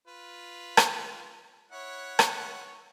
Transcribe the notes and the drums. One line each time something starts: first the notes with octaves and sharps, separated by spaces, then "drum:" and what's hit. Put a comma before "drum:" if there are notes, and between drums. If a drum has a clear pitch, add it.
F4 B4
drum: rim click
E4 C#5 F#5
drum: rim click